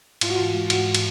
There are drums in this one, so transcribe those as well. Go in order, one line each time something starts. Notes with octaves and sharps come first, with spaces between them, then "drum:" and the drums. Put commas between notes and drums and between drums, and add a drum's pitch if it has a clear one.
G#2 F4, drum: cymbal
F#4
E3 F4
G#3
G#2 F#4, drum: cymbal
drum: cymbal